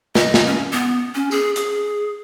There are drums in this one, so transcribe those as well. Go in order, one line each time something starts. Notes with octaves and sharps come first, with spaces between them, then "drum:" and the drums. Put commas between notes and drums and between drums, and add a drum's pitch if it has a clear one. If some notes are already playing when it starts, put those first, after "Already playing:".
D#5, drum: snare
drum: snare
C#4
B3
C#4
G#4, drum: tambourine
G#4, drum: hi-hat